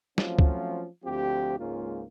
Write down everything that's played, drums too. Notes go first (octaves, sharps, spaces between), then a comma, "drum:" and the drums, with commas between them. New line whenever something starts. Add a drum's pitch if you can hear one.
F3 F#3 A3 C4 C#4 F4, drum: snare
drum: kick C#2
D2 F3 C4 F4 G4
C#2 G#2 A#3 C#4 F4